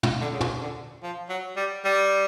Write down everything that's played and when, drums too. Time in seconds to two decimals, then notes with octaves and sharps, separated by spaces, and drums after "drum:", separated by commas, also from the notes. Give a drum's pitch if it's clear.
0.03 drum: tom
0.21 D3
0.33 C#3
0.41 C3, drum: tom
0.61 D3
1.03 F3
1.29 F#3
1.56 G3
1.85 G3